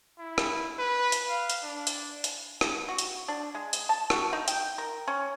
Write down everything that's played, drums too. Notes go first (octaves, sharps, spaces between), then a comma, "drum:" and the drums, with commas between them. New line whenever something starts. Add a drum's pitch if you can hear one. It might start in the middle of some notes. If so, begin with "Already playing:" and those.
E4
drum: rim click
B4
drum: hi-hat
F5
drum: hi-hat
D4
drum: hi-hat
drum: hi-hat
drum: rim click
F#4
drum: hi-hat
D4
G#3
drum: hi-hat
A5
F#4, drum: rim click
D#4
G5, drum: hi-hat
A#4
C#4